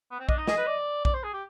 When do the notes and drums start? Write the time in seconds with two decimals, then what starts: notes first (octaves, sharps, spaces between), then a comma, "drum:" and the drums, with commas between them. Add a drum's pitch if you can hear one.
0.11 B3
0.20 C4
0.29 D4 D#5, drum: kick
0.38 D#4
0.47 G#4 D#5, drum: snare
0.57 B4
0.67 D5
1.05 D5, drum: kick
1.14 C5
1.24 G#4
1.33 G4